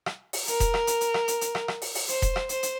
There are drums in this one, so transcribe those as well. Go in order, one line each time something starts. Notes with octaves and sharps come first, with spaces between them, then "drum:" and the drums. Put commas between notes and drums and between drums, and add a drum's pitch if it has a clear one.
drum: rim click
drum: open hi-hat
A#4, drum: hi-hat
drum: kick E1, hi-hat
drum: rim click
drum: hi-hat
drum: hi-hat
drum: rim click
drum: hi-hat
drum: hi-hat
drum: rim click
drum: rim click
drum: open hi-hat
drum: open hi-hat
C5, drum: hi-hat
drum: kick E1, hi-hat
drum: rim click
C5, drum: hi-hat
drum: hi-hat